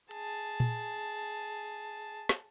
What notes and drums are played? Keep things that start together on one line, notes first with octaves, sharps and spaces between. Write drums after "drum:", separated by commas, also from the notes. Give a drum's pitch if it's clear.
G#4 A5, drum: hi-hat
drum: tom A#2
drum: snare